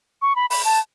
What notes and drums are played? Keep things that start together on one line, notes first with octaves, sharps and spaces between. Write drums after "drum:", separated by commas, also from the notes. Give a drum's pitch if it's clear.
C#6
B5
B5, drum: open hi-hat
A5